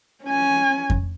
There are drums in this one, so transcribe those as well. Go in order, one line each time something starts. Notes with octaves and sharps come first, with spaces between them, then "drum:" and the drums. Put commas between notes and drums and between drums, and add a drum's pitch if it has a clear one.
C#4 G#5
drum: kick F2